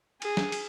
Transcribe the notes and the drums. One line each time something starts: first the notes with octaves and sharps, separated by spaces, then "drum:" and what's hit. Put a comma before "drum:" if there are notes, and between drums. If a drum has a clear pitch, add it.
G#4, drum: cymbal
drum: snare
drum: cymbal